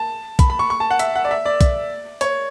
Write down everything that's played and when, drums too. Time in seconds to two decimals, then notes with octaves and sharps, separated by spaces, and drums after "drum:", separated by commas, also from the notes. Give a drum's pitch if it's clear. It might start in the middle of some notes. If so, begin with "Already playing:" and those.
Already playing: A5
0.39 B5, drum: kick, hi-hat
0.50 B5
0.59 C#6
0.70 C#6
0.80 A5
0.91 F#5
0.99 E5, drum: hi-hat
1.15 F#5
1.25 D5
1.31 E5
1.46 D5
1.61 drum: kick, hi-hat
2.21 C#5, drum: hi-hat